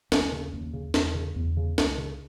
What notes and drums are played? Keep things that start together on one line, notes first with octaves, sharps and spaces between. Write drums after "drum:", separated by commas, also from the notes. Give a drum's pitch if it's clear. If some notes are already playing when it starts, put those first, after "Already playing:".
D#2 C#4, drum: snare
C#3
D#2
C#3
E2, drum: snare
C#3
E2
C#3
C#2, drum: snare
C#3